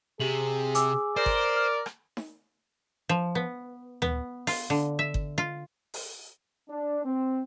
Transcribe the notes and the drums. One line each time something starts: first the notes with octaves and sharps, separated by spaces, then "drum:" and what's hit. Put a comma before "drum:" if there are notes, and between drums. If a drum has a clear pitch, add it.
C3 G4 G#4 F#7
G#5 D6 E6, drum: hi-hat
A#4 C5 D5
drum: kick G1
F6
drum: rim click
drum: snare D#4
F3
B3
B3, drum: tom D2
F4, drum: open hi-hat
D3
E5
drum: kick G1
F4
drum: open hi-hat
D4
C4